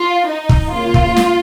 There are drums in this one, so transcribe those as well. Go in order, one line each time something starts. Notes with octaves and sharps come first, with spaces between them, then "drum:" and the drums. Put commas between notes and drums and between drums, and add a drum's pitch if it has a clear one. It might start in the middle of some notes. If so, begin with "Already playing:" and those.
Already playing: F4
D#4
drum: kick
C#3 A#3 F4
drum: kick
drum: snare